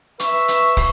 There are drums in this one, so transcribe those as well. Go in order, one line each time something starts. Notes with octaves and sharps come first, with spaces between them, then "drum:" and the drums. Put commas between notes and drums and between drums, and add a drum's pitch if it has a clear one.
B4 E5 C#6, drum: hi-hat
drum: hi-hat
drum: kick, open hi-hat